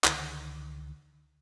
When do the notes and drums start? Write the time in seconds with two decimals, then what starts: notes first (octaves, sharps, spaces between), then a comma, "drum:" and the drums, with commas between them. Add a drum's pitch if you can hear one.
0.04 C#2 D3 D#3, drum: clap